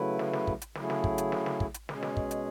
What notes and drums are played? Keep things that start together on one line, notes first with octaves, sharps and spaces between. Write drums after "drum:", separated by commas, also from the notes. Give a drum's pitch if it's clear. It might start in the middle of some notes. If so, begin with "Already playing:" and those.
Already playing: C#3 F#3 A3 E4 B4
drum: snare
drum: snare
drum: kick
drum: hi-hat
C#3 F#3 A3 E4 G#4, drum: snare
drum: snare
drum: kick
drum: hi-hat
drum: snare
drum: snare
drum: kick
drum: hi-hat
B2 G#3 C#4 G#4, drum: snare
drum: snare
drum: kick
drum: hi-hat